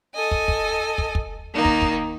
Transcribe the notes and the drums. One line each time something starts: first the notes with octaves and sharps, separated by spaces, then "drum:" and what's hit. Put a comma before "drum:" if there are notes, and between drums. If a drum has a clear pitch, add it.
A4 D#5 G#5
drum: kick
drum: kick
drum: kick
drum: kick
D#3 A#3 D#4
drum: kick
drum: kick